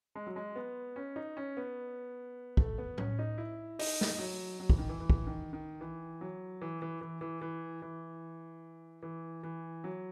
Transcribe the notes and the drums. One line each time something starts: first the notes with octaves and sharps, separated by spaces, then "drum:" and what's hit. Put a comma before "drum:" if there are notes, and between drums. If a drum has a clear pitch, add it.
G#3
F#3
G#3
B3
C#4
D#4
C#4
B3
A3, drum: kick
B3
C#4, drum: tom A2
D#4
E4
D#4, drum: open hi-hat
drum: snare
F#3
F#3
E3, drum: kick
D#3
E3
E3
drum: kick
D#3
D#3
E3
F#3
E3
E3
E3
E3
E3
E3
E3
E3
F#3